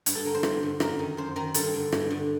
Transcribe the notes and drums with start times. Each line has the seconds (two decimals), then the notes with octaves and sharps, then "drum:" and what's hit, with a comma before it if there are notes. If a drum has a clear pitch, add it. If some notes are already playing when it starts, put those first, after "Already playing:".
0.06 G2, drum: hi-hat
0.15 A4
0.25 D3 A#4
0.35 C5
0.43 G2, drum: rim click
0.63 D3
0.80 F#2 A#4, drum: rim click
0.99 D#3
1.17 F#2 C5
1.36 D#3 A#4
1.54 G2 A4, drum: hi-hat
1.74 D3
1.92 G2, drum: rim click
2.10 D3